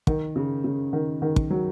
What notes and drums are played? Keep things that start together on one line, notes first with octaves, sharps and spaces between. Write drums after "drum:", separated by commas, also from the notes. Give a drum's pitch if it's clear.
D#3, drum: kick
C#3
C#3
D#3
D#3
drum: kick
F#3